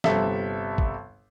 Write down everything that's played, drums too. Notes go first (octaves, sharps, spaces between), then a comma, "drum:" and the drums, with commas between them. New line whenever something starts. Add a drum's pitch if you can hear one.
G1 C3 A4 E5, drum: snare
drum: kick